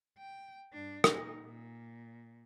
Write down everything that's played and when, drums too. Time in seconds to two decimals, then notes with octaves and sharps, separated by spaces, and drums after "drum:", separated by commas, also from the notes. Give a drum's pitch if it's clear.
0.18 G5
0.73 G2 D4
1.04 A#2 D#4, drum: rim click
1.44 A#2